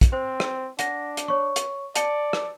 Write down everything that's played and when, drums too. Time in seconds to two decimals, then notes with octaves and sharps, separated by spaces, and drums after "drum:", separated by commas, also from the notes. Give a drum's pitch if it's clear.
0.01 drum: kick, hi-hat
0.13 C4 C5
0.40 drum: rim click
0.79 D4 F#5 A#6, drum: hi-hat
1.17 drum: hi-hat
1.28 C#5 C#6
1.56 drum: hi-hat
1.96 D5 A5 C#7, drum: hi-hat
2.33 drum: rim click